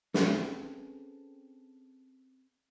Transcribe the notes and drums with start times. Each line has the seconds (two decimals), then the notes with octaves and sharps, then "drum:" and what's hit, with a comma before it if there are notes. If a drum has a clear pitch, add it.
0.14 C4 C#4 G#4 A4 B4 C#5, drum: snare